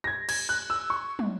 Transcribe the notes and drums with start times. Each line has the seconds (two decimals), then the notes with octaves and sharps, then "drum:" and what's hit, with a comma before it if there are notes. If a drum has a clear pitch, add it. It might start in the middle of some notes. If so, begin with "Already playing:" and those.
0.04 A#6
0.07 G#6
0.29 G#6, drum: cymbal
0.49 F#6
0.70 E6
0.90 C#6
1.19 drum: tom